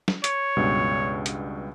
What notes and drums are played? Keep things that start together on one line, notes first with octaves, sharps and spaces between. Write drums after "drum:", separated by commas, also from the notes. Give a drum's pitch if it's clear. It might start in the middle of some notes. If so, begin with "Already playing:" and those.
drum: snare
C#5, drum: hi-hat
C#2 G2 B2
drum: hi-hat